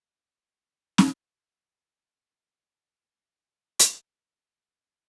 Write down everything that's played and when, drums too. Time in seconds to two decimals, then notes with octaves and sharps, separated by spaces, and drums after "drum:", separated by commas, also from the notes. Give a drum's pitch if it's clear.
0.18 D1 C#4 C5
0.98 drum: snare
3.02 G2 B2 D#3
3.80 drum: hi-hat